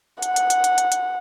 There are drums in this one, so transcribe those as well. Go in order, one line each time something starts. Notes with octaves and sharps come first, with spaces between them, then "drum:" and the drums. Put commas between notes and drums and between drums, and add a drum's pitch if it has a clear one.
F#5, drum: hi-hat
drum: hi-hat
drum: hi-hat
drum: hi-hat
drum: hi-hat
drum: hi-hat